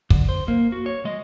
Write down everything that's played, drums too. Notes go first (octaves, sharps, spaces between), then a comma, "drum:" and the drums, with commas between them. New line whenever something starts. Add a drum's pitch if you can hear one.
D3, drum: kick
C5
A#3
F#4
C#5
G#3 D#5